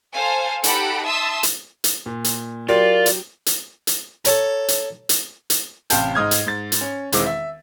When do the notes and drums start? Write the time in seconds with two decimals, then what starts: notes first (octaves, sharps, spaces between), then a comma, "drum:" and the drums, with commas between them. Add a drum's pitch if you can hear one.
0.14 A4 C5 F5 G#5
0.64 D#4 G4 A4 F#5 B5 D7, drum: hi-hat
1.06 E5 A5 C6 D#6 E6
1.43 drum: hi-hat
1.84 drum: hi-hat
2.06 A#2
2.24 drum: hi-hat
2.69 F#3 F4 G4 A#4 D5
3.06 drum: hi-hat
3.46 drum: hi-hat
3.87 drum: hi-hat
4.25 A4 C#5 A#5, drum: hi-hat
4.68 drum: hi-hat
5.09 drum: hi-hat
5.50 drum: hi-hat
5.90 A1 C3 F5 G5 A5 G6, drum: hi-hat
6.15 G#2 D#5 D#6 F6 G#6
6.31 drum: hi-hat
6.46 G#2 A6
6.72 drum: hi-hat
6.81 C#4
7.12 E1 D#3 G#3 C4 E4 D6, drum: hi-hat
7.26 E5